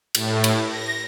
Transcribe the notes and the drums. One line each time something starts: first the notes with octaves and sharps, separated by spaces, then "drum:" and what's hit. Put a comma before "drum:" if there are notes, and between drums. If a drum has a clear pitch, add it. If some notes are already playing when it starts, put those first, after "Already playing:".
A2, drum: cymbal
drum: cymbal
A#6